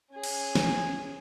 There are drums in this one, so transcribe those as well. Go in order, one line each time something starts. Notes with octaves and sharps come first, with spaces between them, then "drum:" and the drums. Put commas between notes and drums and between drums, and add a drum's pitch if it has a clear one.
C#4 G#4
drum: cymbal
drum: snare